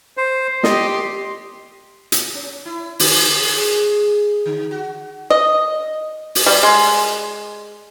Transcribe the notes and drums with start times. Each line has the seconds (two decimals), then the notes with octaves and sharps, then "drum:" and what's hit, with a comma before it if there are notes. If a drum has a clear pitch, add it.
0.17 C5
0.63 G4 D#5 C6, drum: snare
2.12 drum: hi-hat
2.35 C#4
2.65 E4
2.99 D3, drum: open hi-hat
3.41 G#4
4.46 D3
4.71 F#4
5.30 D#5
6.35 drum: open hi-hat
6.46 G3
6.63 G#3